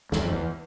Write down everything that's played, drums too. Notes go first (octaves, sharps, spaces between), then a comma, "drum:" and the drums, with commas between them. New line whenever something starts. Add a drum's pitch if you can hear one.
E2, drum: snare
F2
E2